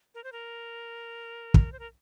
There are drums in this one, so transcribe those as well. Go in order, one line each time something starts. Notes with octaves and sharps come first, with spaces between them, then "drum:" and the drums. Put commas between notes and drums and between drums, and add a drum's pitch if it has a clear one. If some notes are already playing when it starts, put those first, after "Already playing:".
A#4
C5
A#4
drum: kick
C5
A#4